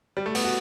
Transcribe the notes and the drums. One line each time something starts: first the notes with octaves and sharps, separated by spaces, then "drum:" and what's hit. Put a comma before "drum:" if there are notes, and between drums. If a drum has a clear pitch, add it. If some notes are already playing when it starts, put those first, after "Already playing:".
G3
A3
B3, drum: open hi-hat
F#4